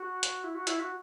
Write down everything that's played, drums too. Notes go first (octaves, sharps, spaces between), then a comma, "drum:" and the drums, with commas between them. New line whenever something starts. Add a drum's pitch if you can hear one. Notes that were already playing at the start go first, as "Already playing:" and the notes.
Already playing: F#4
drum: hi-hat
E4
F#4
E4, drum: hi-hat
F#4